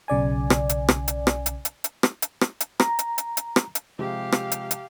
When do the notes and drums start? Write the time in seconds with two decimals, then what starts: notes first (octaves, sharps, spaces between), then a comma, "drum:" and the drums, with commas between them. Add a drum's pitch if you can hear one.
0.08 B1 C#3 D5 G#5
0.50 drum: rim click
0.69 drum: hi-hat
0.89 drum: rim click
1.08 drum: hi-hat
1.27 drum: rim click
1.46 drum: hi-hat
1.65 drum: hi-hat
1.84 drum: hi-hat
2.03 drum: rim click
2.22 drum: hi-hat
2.41 drum: rim click
2.60 drum: hi-hat
2.80 A#5, drum: rim click
2.99 drum: hi-hat
3.18 drum: hi-hat
3.37 drum: hi-hat
3.56 drum: rim click
3.75 drum: hi-hat
3.99 C3 F3 G#3 G4 F5
4.32 drum: rim click
4.52 drum: hi-hat
4.71 drum: hi-hat